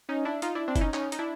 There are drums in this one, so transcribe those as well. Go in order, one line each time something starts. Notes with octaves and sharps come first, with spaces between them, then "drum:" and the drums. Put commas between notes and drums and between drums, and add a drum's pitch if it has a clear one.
C#4 D#4
D4 E4
D#4 F4, drum: hi-hat
D4 E4
C4 D4
E4, drum: kick F#1, hi-hat
C#4 D#4
C#4 D#4, drum: clap
D#4, drum: hi-hat
D4 E4